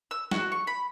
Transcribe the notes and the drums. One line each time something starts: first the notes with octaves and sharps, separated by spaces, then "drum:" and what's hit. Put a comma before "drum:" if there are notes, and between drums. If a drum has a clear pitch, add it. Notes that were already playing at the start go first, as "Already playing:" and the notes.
E6
F#4, drum: snare
C#6
B5